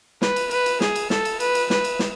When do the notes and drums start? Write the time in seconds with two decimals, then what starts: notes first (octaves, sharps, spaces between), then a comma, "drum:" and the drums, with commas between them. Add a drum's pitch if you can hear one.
0.22 B4, drum: snare
0.36 drum: cymbal
0.51 B4, drum: cymbal
0.66 drum: cymbal
0.81 G#4, drum: snare
0.96 drum: cymbal
1.10 A4, drum: snare
1.25 drum: cymbal
1.40 B4, drum: cymbal
1.55 drum: cymbal
1.70 B4, drum: snare
1.85 drum: cymbal
1.99 drum: snare